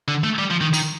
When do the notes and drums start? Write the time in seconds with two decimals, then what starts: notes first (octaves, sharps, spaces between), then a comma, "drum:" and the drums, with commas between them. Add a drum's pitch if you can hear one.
0.08 D3
0.24 A3
0.38 G3
0.51 F3
0.61 D#3
0.74 D#3, drum: tambourine